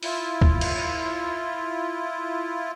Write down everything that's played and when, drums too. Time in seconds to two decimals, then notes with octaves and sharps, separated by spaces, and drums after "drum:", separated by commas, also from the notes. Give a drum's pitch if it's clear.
0.03 E4 F4, drum: open hi-hat
0.41 drum: kick
0.61 drum: cymbal